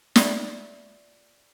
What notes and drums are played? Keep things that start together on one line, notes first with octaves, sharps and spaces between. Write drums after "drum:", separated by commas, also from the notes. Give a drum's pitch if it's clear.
F4 D5 E5, drum: snare